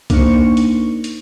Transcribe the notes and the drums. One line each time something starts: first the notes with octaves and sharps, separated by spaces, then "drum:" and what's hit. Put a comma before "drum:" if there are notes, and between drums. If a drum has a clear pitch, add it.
A#3 D4 D#4 C5 C#6, drum: kick C2, hi-hat
drum: hi-hat
drum: hi-hat